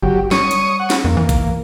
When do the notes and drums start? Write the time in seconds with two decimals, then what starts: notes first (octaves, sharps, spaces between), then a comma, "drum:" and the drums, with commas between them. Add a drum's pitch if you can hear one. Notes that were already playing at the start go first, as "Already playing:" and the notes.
0.03 G1 F#3 G4
0.31 G3 C#5 C#6 D#6, drum: snare
0.51 drum: hi-hat
0.79 F#5
0.90 drum: snare
1.04 F2 A#3
1.17 E3
1.29 drum: kick A#1, hi-hat